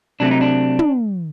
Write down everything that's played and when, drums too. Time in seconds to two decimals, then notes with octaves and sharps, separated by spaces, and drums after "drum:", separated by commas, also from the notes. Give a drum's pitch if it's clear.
0.20 C3 F#3 A3 C4 D4
0.31 D#4
0.41 D4
0.79 drum: tom